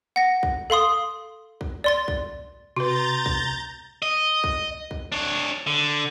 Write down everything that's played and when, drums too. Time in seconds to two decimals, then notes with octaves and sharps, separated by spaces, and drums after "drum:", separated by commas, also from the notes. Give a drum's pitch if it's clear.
0.16 F#5 A#6
0.43 drum: kick B1
0.70 A4 F5 C6 D#6
1.61 drum: kick B1
1.84 D5 C6 A6
2.08 drum: kick B1
2.76 C3 F#4 B4 A#5 C6 G6 A6
3.26 drum: kick B1
4.02 D#5
4.44 drum: kick B1
4.91 drum: kick B1
5.12 D4 C#5
5.67 D3